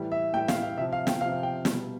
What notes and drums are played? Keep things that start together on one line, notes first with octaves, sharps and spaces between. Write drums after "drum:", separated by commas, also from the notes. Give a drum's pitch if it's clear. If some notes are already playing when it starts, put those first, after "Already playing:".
Already playing: A2 E3 G3
E5
A2 E3 G3 G5
F5, drum: snare
F5
C3 F3 E5
F5
G5, drum: snare
C3 F3 F5
G5
B2 G3, drum: snare